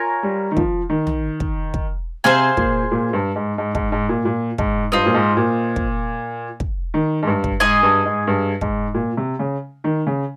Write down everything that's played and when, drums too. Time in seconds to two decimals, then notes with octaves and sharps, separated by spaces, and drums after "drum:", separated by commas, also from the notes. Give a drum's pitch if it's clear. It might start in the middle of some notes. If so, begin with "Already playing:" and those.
Already playing: F4 A#4 C#5 G#5
0.23 G3
0.51 D#3
0.57 F3, drum: kick
0.89 D#3
1.07 drum: tom
1.40 drum: kick
1.74 drum: kick
2.24 C3 G#4 C5 F5 G#5
2.57 A#2, drum: kick
2.91 A#2
3.13 G2
3.36 G#2
3.58 G#2
3.75 G#2, drum: kick
3.92 G#2
4.09 A#2
4.25 A#2
4.58 G#2, drum: kick
4.92 G2 F4 C5 D#5
5.06 A#2
5.14 G#2
5.37 A#2
5.76 drum: kick
6.60 drum: kick
6.94 D#3
7.22 G#2
7.27 G2
7.44 drum: kick
7.60 G#2 G#4 D#5 G#5
7.83 G2
8.05 G#2
8.27 G2
8.61 G#2, drum: kick
8.94 A#2
9.17 C3
9.39 C#3
9.84 D#3
10.07 C#3